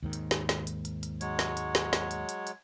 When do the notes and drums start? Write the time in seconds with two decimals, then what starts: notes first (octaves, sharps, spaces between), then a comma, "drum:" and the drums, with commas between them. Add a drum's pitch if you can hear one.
0.03 D#2 G#2 D#3
0.13 drum: hi-hat
0.31 drum: snare
0.49 drum: snare
0.67 drum: hi-hat
0.85 drum: hi-hat
1.03 drum: hi-hat
1.21 F#3 G#3 C#5, drum: hi-hat
1.39 drum: snare
1.57 drum: hi-hat
1.75 drum: snare
1.93 drum: snare
2.11 drum: hi-hat
2.29 drum: hi-hat
2.47 drum: hi-hat